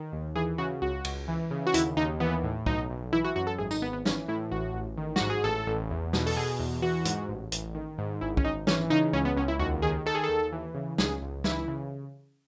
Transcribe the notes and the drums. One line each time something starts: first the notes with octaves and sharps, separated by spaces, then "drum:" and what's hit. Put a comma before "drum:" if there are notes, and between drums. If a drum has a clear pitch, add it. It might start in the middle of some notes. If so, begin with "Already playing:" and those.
Already playing: D#3
D#2
E3 G#4
C#3 F#4
C#2 F#4
C#2, drum: cymbal
E3
C#3
F#4
D#2 E4, drum: hi-hat
D#2 D#4
E3 B3
A2
B1 D#4, drum: kick
B1
E3 E4
F#4
F#2 F#4
A4
G#1 G#4
D#4, drum: tambourine
G#1 B3
B3
E3 C#4, drum: snare
A2 E4
A1 F#4
A1
D#3
G#2 F#4, drum: snare
G#4
A1 A4
A1
E2
B2, drum: snare
A4, drum: open hi-hat
B2 G#4
E2
E3 F#4
G#2, drum: hi-hat
A1
A1, drum: hi-hat
D#3
G#2
G#1 E4
C#4, drum: kick
G#1 D#4
E3 C#4, drum: snare
C#3 D#4
C#2 C#4
B3
C#2 C#4
E4
D#2 F#4
D#3 G#4
D#3 A4
G#4
A4
D#2
E3
C#3
C#2 G#4, drum: snare
C#2
E3 E4, drum: snare
C#3